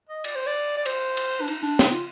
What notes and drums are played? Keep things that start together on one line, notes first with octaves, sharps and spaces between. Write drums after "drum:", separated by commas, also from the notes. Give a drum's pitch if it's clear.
D#5
D5, drum: cymbal
C5
D5
D5
C5, drum: cymbal
drum: cymbal
D4
D#4, drum: cymbal
D4
D#4, drum: snare
F4